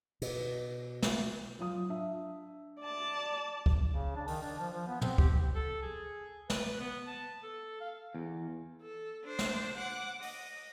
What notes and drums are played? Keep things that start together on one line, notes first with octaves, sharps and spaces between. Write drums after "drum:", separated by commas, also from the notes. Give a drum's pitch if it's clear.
B2, drum: cymbal
drum: snare
F#3 F4 D#6
D4 E5
D5 A5
drum: kick
C#3
D4
D#3, drum: open hi-hat
D4
F3
F3
B3
C4, drum: tom
G4, drum: kick
A4
G#4
B4, drum: snare
B3
A5
A4
F5
E2
A4
D4 C5
drum: snare
F#5 D6
D#5, drum: open hi-hat